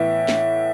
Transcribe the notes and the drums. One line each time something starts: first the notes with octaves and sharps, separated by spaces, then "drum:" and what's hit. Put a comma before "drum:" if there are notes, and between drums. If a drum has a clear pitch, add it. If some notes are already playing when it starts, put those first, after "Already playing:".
Already playing: A2 E3 B3 E4 E5
drum: snare